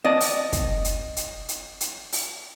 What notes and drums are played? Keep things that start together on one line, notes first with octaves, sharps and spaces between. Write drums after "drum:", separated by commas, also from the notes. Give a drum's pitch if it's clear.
C4 D5 D#5 A5
drum: open hi-hat
drum: kick, hi-hat
drum: hi-hat
drum: hi-hat
drum: hi-hat
drum: hi-hat
drum: open hi-hat